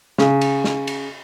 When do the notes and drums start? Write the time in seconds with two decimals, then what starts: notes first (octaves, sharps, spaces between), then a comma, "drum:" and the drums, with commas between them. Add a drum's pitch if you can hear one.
0.18 C#3, drum: snare
0.41 drum: cymbal
0.64 drum: snare
0.87 drum: cymbal